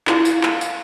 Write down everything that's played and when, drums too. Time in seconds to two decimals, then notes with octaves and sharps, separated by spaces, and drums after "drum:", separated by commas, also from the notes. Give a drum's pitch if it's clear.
0.07 E4 F4 F5, drum: clap
0.25 drum: tambourine
0.43 drum: clap
0.61 drum: tambourine